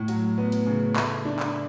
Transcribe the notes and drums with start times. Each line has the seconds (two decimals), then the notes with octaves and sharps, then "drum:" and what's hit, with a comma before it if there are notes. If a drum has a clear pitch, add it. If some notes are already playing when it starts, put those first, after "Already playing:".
Already playing: A2
0.08 F#3, drum: hi-hat
0.38 B3
0.52 drum: hi-hat
0.66 C#3
0.96 A3, drum: clap
1.25 D4
1.40 drum: clap